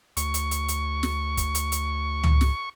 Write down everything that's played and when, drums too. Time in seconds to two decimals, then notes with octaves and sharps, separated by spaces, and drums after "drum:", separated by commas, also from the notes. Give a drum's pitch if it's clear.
0.17 D2 C#6, drum: hi-hat
0.34 drum: hi-hat
0.51 drum: hi-hat
0.68 drum: hi-hat
1.03 drum: snare
1.37 drum: kick, hi-hat
1.55 drum: hi-hat
1.72 drum: hi-hat
2.24 drum: tom C#2
2.41 drum: snare